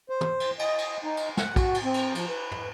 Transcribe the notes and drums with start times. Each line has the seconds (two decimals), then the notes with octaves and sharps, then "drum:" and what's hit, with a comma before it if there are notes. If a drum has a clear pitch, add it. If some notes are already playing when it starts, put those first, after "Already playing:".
0.10 C5
0.21 drum: tom
0.40 drum: cymbal
0.59 D#5, drum: cymbal
0.78 drum: cymbal
1.04 D#4
1.17 drum: cymbal
1.37 F#5, drum: snare
1.56 F#4, drum: kick, cymbal
1.74 drum: cymbal
1.84 C4
1.94 drum: cymbal
2.15 F3, drum: cymbal
2.29 B4
2.51 drum: tom